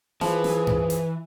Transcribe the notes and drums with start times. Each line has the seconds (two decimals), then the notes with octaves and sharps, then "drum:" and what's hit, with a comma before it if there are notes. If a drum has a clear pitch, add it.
0.21 E3 F3 G#4 B4, drum: snare
0.44 drum: snare
0.67 drum: tom G2
0.90 drum: hi-hat